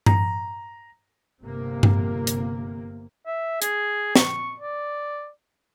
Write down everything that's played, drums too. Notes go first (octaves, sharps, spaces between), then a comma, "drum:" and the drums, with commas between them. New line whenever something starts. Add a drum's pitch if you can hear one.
A#5, drum: tom G2
G1 C3 A#3
drum: tom G2
drum: hi-hat
E5
G#4, drum: hi-hat
C#6, drum: snare
D5